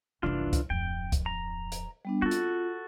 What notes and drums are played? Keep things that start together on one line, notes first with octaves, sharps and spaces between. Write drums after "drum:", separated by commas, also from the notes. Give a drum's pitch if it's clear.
F#1 C2 E3 D4 F4
drum: kick, hi-hat
D1 F2 G5
drum: kick, hi-hat
A#5
drum: hi-hat
G3 B3 D4
C4 F4 F#4 A4
drum: hi-hat